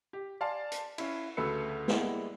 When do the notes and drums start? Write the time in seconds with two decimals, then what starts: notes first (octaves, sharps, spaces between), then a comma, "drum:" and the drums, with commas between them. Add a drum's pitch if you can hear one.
0.13 G4
0.41 D5 F5 G#5 A5 C6
0.72 drum: hi-hat
0.98 C#4 E4, drum: cymbal
1.37 D2 C#3 A3 B4 E6 C#7
1.88 G3 G#3 A#3 B3 E4, drum: snare